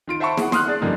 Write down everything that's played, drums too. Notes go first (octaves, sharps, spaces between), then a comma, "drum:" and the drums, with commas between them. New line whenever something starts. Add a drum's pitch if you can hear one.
D#3 F4 D7
C5 E5 F#5 A5 B5 C#6
G#4 F#5, drum: snare
C6 D#6 F6 F#6, drum: snare
D4 G#4 D5
F#2 D3 F3 G3 A#3 D#4